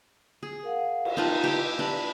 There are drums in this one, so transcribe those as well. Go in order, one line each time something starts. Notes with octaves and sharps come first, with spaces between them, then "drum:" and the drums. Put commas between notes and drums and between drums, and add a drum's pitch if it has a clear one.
G#4
A#4 F5 F#5
drum: cymbal
D#4 F4 B4 G5 A5
E4 G4
D4 G4 A5 B5